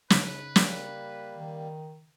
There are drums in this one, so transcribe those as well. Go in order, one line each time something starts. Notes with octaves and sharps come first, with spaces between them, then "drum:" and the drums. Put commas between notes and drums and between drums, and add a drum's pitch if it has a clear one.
C#3 D#4 B4, drum: snare
G3 A#3, drum: snare
D#3